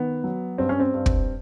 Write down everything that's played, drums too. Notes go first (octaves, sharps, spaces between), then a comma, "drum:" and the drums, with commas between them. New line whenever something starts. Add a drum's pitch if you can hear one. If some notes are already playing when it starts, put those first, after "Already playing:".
Already playing: D#3 B3
F#3
G2 C4
C#4
C4
G2
drum: kick